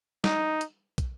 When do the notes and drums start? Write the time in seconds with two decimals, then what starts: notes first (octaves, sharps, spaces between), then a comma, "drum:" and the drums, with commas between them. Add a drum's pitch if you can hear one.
0.24 D#4, drum: snare
0.61 drum: hi-hat
0.98 drum: kick, hi-hat